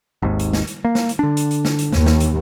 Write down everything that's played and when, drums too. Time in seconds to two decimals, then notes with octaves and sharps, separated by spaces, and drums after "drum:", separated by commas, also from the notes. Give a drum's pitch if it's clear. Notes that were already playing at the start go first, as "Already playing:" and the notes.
0.22 G#1 D#2 G#2
0.39 drum: hi-hat
0.53 drum: snare
0.67 drum: hi-hat
0.85 A#3
0.95 drum: snare
1.09 drum: hi-hat
1.19 D3 D4
1.37 drum: hi-hat
1.51 drum: hi-hat
1.65 drum: snare
1.79 drum: hi-hat
1.93 D#2, drum: snare
2.06 drum: snare
2.20 drum: hi-hat